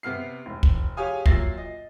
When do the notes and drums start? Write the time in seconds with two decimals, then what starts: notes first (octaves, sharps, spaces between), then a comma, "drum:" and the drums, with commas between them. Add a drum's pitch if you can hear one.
0.03 C3 B3 F6 C7
0.46 E1
0.63 drum: kick
0.97 G4 G#4 C#5 F5 G#5 D#6
1.26 A#2 F#3 E5 A6 A#6 C7, drum: kick
1.57 D#5